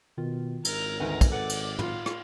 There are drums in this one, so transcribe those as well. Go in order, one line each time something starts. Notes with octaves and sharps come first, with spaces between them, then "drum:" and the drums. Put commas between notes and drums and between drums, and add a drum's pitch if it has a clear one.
B2 D#3 F4
G#1 A#4 A#5, drum: cymbal
D2 D#3 B4 F#5 G#5
drum: kick, cymbal
A4 B4 D5 F#5
drum: cymbal
F4 B5, drum: tom
drum: rim click